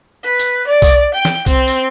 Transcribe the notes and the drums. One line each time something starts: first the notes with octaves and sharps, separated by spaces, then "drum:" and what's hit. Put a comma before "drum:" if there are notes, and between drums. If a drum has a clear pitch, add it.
B4
drum: tambourine
D5
drum: kick B1, tambourine
G5
drum: snare
C4, drum: kick B1, tambourine
drum: tambourine